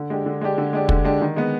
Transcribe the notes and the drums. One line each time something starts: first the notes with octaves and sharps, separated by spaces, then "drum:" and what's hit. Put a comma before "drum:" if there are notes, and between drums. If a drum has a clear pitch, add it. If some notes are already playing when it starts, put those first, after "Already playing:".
Already playing: D3
G#3 D4 G4
D3
G#3 D4 G4
D3
G#3 D4 G4
D3, drum: kick
G#3 D4 G4
D#3
G#3 B3